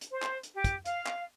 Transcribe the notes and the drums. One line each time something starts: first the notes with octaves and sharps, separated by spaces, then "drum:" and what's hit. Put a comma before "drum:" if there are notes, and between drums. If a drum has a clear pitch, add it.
drum: hi-hat
C5
drum: clap
drum: hi-hat
G4
drum: kick, hi-hat
F5, drum: hi-hat
drum: clap